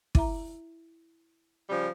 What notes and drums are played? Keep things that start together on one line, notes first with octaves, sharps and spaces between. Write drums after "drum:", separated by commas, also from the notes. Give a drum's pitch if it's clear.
E4 E5 A#5, drum: kick
C#3 F3 G3